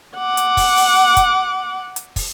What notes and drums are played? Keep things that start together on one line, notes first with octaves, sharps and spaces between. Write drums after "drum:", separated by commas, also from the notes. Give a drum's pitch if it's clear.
F#5 D6
drum: hi-hat
drum: kick, open hi-hat
drum: open hi-hat
drum: kick, hi-hat
drum: hi-hat
drum: kick, open hi-hat